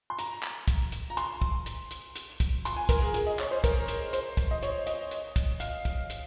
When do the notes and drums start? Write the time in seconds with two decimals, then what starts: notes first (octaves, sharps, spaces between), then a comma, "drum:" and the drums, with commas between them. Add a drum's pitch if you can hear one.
0.10 C6
0.19 A#5, drum: hi-hat
0.43 drum: clap
0.68 drum: kick, hi-hat
0.92 drum: hi-hat
1.10 A#5
1.17 C6, drum: hi-hat
1.42 drum: kick
1.66 drum: hi-hat
1.91 drum: hi-hat
2.15 drum: hi-hat
2.40 drum: kick, hi-hat
2.65 C6, drum: hi-hat
2.76 G#5
2.89 A#4, drum: kick, hi-hat
3.02 G#4
3.14 G#4, drum: hi-hat
3.27 D#5
3.39 C#5, drum: clap
3.51 C5
3.64 A#4, drum: kick, hi-hat
3.88 drum: hi-hat
4.13 C5, drum: hi-hat
4.37 drum: kick, hi-hat
4.51 D#5
4.63 C#5, drum: hi-hat
4.87 D#5, drum: hi-hat
5.11 drum: hi-hat
5.36 drum: kick, hi-hat
5.60 F5, drum: hi-hat
5.85 drum: kick, hi-hat
6.10 drum: hi-hat